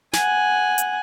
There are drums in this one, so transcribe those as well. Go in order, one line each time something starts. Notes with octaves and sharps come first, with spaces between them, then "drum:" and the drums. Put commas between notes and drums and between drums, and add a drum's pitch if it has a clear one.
F#5 G#5, drum: snare
drum: hi-hat